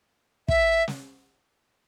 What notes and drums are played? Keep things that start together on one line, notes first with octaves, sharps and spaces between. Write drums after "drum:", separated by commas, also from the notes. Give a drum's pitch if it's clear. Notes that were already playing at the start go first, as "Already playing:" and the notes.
E5, drum: kick
drum: snare